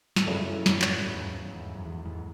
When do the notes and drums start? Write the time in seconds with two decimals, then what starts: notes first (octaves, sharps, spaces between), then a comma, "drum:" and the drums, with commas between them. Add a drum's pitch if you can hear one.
0.16 G#2, drum: snare
0.26 F#2 C#3 F#3 C#4 E4 A4
0.66 F#2 A2, drum: snare
0.82 drum: clap
0.97 A2
1.06 E2 G#2
1.46 E2 G#2
1.76 F#2
1.85 E2
2.05 E2 G#2